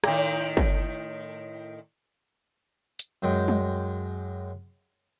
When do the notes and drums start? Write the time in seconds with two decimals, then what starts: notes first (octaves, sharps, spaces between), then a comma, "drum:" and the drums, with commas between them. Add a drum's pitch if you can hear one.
0.04 A2 D#3, drum: rim click
0.57 drum: kick
2.99 drum: hi-hat
3.22 F#2 G#3 G5
3.48 drum: tom G3